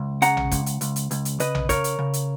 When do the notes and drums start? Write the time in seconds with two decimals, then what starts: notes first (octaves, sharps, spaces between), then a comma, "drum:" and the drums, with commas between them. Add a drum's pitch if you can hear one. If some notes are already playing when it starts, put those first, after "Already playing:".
Already playing: C#2
0.22 C#3 F#5 A#5, drum: hi-hat
0.37 drum: tom A#1
0.51 C#2, drum: kick, hi-hat
0.66 drum: hi-hat
0.81 C#2, drum: hi-hat
0.96 drum: hi-hat
1.11 C#2, drum: hi-hat
1.25 drum: hi-hat
1.40 C#3 B4 D#5, drum: hi-hat
1.55 drum: tom A#1
1.69 C#3 A#4 C#5, drum: kick, hi-hat
1.84 drum: hi-hat
1.99 C#3
2.14 drum: hi-hat